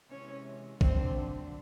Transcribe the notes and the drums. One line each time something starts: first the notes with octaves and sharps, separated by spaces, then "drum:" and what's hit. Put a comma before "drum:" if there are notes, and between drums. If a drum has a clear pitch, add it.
C3 E3 G#3 C#4 C#5
D2 D3 F#3 A3 C4 D4 C5, drum: kick